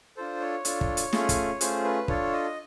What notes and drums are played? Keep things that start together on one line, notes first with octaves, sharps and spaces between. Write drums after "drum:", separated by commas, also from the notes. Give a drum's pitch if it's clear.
D4 F4 A4 C5
C#5
D4 F4 A4, drum: hi-hat
drum: kick
drum: hi-hat
A3 C#4 F4 G#4, drum: snare
drum: kick, hi-hat
A3 C#4 F4 G#4 C5, drum: hi-hat
B4
D4 F4 A4 C#5, drum: kick
D#5